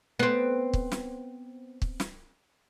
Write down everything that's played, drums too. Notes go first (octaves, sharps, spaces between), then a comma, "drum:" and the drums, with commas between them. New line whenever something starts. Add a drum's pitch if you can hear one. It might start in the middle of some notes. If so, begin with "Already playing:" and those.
B3 C4
drum: kick
drum: snare
drum: kick
drum: snare